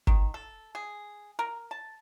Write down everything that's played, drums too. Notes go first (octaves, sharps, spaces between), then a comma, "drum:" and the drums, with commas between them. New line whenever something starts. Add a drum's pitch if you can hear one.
D#3, drum: kick G1
A4
G#4
A#4
A5